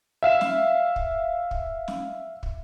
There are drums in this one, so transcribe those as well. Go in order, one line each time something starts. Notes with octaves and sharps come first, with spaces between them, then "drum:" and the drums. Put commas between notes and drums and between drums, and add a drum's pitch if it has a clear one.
E5 F5 E7
drum: snare
drum: kick
drum: kick
drum: snare
drum: kick